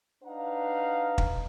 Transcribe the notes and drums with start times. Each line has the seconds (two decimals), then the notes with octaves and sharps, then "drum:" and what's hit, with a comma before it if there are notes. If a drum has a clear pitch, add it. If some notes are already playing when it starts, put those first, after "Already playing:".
0.24 D4 D#4 B4 F5 F#5 A#5
1.18 drum: kick